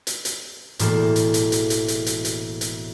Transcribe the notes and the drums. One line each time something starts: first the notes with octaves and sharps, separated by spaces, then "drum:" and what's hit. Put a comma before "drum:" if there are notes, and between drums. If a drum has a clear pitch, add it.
drum: hi-hat
drum: hi-hat
E1 A2 G#3 A#3 D4, drum: hi-hat
drum: hi-hat
drum: hi-hat
drum: hi-hat
drum: hi-hat
drum: hi-hat
drum: hi-hat
drum: hi-hat
drum: hi-hat